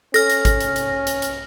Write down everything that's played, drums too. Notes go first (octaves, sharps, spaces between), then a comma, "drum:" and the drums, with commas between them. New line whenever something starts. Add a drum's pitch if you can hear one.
C#4 A4 F6 A#6, drum: hi-hat
drum: hi-hat
drum: kick G#1, hi-hat
drum: hi-hat
drum: hi-hat
drum: hi-hat
drum: hi-hat